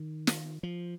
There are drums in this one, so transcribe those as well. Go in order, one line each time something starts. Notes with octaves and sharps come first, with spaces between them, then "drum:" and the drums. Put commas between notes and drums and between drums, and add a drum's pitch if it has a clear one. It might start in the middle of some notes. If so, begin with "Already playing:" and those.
Already playing: D#3
drum: snare
F3